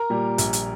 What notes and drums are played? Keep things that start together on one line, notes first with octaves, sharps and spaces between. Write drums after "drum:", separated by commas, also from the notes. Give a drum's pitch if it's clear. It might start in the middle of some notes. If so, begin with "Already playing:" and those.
Already playing: A#4 A#5
A#2 G3
A#1, drum: hi-hat
drum: hi-hat